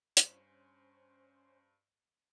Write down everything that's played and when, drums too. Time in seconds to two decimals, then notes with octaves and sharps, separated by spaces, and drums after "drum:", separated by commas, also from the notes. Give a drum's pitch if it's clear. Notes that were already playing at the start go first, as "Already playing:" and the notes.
0.17 G2 C#4 C5, drum: hi-hat